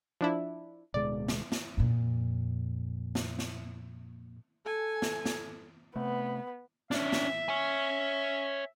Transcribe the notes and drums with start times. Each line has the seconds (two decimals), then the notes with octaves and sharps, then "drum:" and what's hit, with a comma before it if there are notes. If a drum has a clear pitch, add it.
0.21 F3 D4 E4
0.94 D1 B2 G#3 D5
1.28 drum: snare
1.52 drum: snare
1.77 F2 A#2
3.15 drum: snare
3.39 drum: snare
4.65 A4 G#5
5.02 drum: snare
5.25 drum: snare
5.96 C3 A3 B3
6.91 C#4 D4 E5, drum: snare
7.12 drum: snare
7.49 C#5 G#5